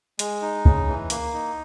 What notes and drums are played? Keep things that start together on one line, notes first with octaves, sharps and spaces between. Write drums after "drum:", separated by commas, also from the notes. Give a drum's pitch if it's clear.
G#3, drum: hi-hat
D#4
C#3, drum: kick C#2
E3
A#3, drum: hi-hat
D#4